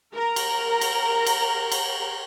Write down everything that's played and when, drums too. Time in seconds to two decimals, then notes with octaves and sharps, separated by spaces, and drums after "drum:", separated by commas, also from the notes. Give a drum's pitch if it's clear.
0.14 A#4 A#5
0.36 drum: cymbal
0.81 drum: cymbal
1.26 drum: cymbal
1.72 drum: cymbal